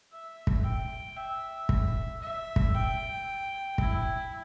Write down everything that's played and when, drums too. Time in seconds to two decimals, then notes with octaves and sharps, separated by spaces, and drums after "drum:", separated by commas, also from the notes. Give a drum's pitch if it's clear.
0.12 E5
0.47 drum: kick
0.64 G5
1.17 E5
1.69 drum: kick
2.21 E5
2.56 drum: kick
2.74 G5
3.78 E4, drum: kick